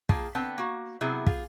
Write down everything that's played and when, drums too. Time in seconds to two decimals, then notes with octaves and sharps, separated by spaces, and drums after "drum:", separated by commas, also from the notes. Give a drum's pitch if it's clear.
0.09 A#3 F4 G#4 G5 A5, drum: kick
0.35 D3 B3 C4 B4 G5 A5
0.58 A#3 F#4
1.01 C3 F#3 B3 E4 G#4
1.26 F4 G#4, drum: kick